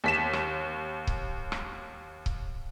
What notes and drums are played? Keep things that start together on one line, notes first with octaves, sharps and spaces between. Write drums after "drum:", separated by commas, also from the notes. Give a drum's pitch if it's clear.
D#2 B6 E7
drum: rim click
drum: kick C#1
drum: rim click
drum: kick C#1